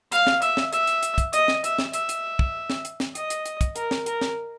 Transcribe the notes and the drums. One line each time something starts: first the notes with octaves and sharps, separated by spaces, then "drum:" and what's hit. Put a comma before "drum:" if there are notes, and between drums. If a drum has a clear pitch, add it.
F5, drum: hi-hat
drum: snare
E5, drum: hi-hat
drum: snare
E5, drum: hi-hat
drum: hi-hat
drum: hi-hat
drum: kick, hi-hat
D#5, drum: hi-hat
drum: snare
E5, drum: hi-hat
drum: snare
E5, drum: hi-hat
drum: hi-hat
drum: kick
drum: snare
drum: hi-hat
drum: snare
D#5, drum: hi-hat
drum: hi-hat
drum: hi-hat
drum: kick, hi-hat
A#4, drum: hi-hat
drum: snare
A#4, drum: hi-hat
drum: snare